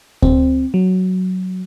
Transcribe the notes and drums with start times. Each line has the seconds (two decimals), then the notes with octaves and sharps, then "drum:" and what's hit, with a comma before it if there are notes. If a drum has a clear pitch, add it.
0.22 C4, drum: kick D2
0.74 F#3